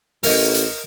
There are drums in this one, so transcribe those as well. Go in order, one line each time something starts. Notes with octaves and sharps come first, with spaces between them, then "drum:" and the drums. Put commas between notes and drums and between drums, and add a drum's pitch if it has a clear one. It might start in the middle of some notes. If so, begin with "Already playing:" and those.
A1 A#4 D#5, drum: open hi-hat
drum: hi-hat